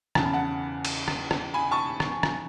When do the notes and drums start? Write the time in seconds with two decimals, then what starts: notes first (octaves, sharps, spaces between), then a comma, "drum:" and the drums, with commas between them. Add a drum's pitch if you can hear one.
0.15 E2 C#3 E3 A5, drum: rim click
0.25 B5
0.33 F#5 A5
0.85 drum: cymbal
1.08 drum: rim click
1.31 drum: rim click
1.54 G#5 B5
1.71 A5 C#6
2.00 drum: rim click
2.23 drum: rim click